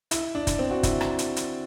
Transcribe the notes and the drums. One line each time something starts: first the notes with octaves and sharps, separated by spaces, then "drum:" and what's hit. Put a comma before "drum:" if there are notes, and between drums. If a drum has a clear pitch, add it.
E4, drum: hi-hat
D4
drum: kick, hi-hat
C4
F#4
E4, drum: kick, hi-hat
drum: rim click
drum: hi-hat
drum: hi-hat